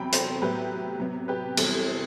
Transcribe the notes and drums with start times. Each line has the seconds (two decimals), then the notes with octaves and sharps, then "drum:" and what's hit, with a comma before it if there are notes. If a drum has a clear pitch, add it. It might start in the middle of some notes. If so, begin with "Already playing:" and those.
Already playing: E2 C3 F#3 G5 B5
0.12 A4 C5, drum: hi-hat
0.42 A2 F#3 B3 G4 B4
1.00 C3 F#3 B3
1.28 G4 B4
1.57 E2 C3 G3 C4 A4, drum: cymbal